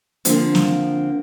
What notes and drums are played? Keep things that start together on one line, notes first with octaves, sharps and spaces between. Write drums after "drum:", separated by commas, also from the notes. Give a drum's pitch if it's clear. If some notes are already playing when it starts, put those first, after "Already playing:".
D3 F3 A#3 C4, drum: hi-hat
drum: snare